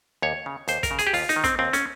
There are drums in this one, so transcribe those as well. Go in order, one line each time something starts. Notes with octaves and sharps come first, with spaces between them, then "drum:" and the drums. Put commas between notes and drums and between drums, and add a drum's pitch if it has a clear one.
D#2 C#5
C#3
D#2 C5, drum: hi-hat
A#4, drum: kick, hi-hat
C#3
G#4, drum: hi-hat
G4
D#2 F4, drum: open hi-hat
D#4, drum: hi-hat
D#3
C4, drum: kick, hi-hat
D#2 C4
C#4, drum: hi-hat